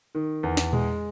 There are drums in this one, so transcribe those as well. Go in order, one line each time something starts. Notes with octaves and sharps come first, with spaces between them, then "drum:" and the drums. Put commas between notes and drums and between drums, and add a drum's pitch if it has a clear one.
D#3
E2
drum: snare
G#3, drum: tom A#2